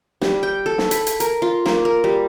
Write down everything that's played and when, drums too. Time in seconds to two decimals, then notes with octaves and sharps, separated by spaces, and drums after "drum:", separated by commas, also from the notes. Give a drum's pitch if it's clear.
0.22 G3, drum: snare
0.43 G5
0.66 A4
0.78 drum: snare
0.91 B5, drum: hi-hat
1.07 drum: hi-hat
1.20 A#4, drum: hi-hat
1.42 F4
1.66 A#3, drum: snare
1.85 A#4
2.04 G3